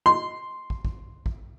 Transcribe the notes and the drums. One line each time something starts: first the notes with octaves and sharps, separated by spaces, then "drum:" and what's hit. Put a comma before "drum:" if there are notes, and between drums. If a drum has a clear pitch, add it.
C6
drum: kick
drum: kick
drum: kick